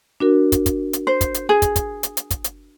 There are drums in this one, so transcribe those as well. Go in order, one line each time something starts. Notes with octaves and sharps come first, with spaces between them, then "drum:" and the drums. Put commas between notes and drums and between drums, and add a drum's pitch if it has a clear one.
D4 F#4 A#4
drum: kick, hi-hat
drum: kick, hi-hat
drum: hi-hat
C5
drum: kick, hi-hat
drum: hi-hat
G#4
drum: kick, hi-hat
drum: kick, hi-hat
drum: hi-hat
drum: hi-hat
drum: kick, hi-hat
drum: hi-hat